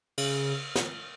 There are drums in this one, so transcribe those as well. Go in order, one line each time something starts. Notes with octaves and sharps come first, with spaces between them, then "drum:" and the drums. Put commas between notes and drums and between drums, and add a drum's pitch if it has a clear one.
C#3, drum: cymbal
drum: snare